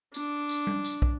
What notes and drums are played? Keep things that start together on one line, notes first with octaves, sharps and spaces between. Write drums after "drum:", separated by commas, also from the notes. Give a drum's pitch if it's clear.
D4, drum: tambourine
drum: tambourine
drum: tom G3
drum: tambourine
drum: kick